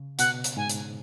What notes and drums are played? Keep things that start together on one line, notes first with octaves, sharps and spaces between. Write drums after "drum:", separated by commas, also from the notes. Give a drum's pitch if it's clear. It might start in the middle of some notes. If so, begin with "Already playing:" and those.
Already playing: C#3
B2 F#5, drum: hi-hat
drum: hi-hat
G#2 G#5
drum: hi-hat